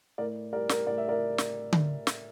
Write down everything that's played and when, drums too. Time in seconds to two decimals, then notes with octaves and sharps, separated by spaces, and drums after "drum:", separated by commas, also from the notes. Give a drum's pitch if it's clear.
0.18 A2 A#4 D5
0.53 G3 A#4 D5
0.69 A#4 D5, drum: snare
0.87 A2 D5
0.98 E5
1.09 A#4 D5
1.38 drum: snare
1.73 drum: tom D3
2.07 drum: snare